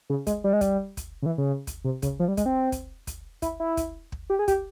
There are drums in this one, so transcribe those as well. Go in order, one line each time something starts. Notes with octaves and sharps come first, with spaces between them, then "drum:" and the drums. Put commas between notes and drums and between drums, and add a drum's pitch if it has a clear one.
C#3
G#3, drum: kick, hi-hat
G3
G#3
G3, drum: kick, hi-hat
drum: kick, hi-hat
C#3
E3
C#3
drum: kick, hi-hat
C3
C#3, drum: kick, hi-hat
F3
G3
G#3, drum: kick, hi-hat
C4
drum: kick, hi-hat
drum: kick, hi-hat
E4, drum: kick, hi-hat
E4
drum: kick, hi-hat
drum: kick
G4
G#4
G4, drum: kick, hi-hat